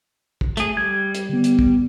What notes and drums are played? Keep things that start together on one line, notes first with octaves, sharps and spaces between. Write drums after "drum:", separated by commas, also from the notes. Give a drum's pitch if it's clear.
drum: kick
A3 G#4, drum: hi-hat
G3 G#6
drum: hi-hat
D3 B3
drum: hi-hat
drum: kick